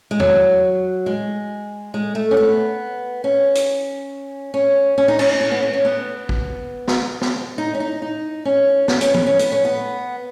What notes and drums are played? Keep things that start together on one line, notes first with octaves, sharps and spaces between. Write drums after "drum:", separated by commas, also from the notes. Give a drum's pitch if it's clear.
G#3
F#3, drum: tom E2
G#3
G#3
A3
C#4
B3
C#4
drum: hi-hat
C#4
C#4
D#4
C#4, drum: cymbal
C#4
C#4
B3
C#4
C#4
B3
drum: kick
drum: snare
drum: snare
D#4
C#4
D#4
D#4
C#4
B3, drum: snare
C#4, drum: hi-hat
B3, drum: tom
C#4
B3, drum: hi-hat
C#4
B3